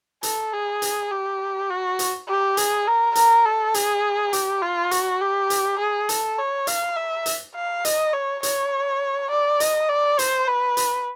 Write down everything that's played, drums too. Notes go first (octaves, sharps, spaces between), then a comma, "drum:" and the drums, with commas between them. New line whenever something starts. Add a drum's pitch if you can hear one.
A4, drum: hi-hat
G#4
drum: hi-hat
G4
F#4
drum: hi-hat
G4
G#4, drum: hi-hat
A#4
A#4, drum: hi-hat
A4
G#4, drum: hi-hat
G4, drum: hi-hat
F4
F#4, drum: hi-hat
G4
drum: hi-hat
G#4
A4, drum: hi-hat
C#5
F5, drum: hi-hat
E5
drum: hi-hat
F5
D#5, drum: hi-hat
C#5
C#5, drum: hi-hat
D5
D#5, drum: hi-hat
D5
C5, drum: hi-hat
B4
drum: hi-hat